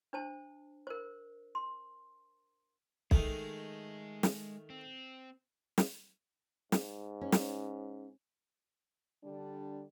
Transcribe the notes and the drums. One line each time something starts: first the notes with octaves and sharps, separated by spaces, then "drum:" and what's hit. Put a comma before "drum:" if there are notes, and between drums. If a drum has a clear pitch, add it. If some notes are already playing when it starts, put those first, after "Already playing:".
D4 C5 A5
A#4 C5
C6
D#3 G#3 A3 G#4, drum: kick B1
drum: snare
C4
drum: snare
G#2, drum: snare
C#4
drum: snare
D3 G3 D4